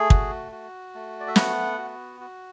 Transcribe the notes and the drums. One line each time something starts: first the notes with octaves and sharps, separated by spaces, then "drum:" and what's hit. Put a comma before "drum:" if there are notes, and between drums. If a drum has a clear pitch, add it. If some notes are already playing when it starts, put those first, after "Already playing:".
Already playing: A3 G#4
F#4, drum: kick
F#4
A3
D5
E5
B3 F#5, drum: snare
F#4
F#4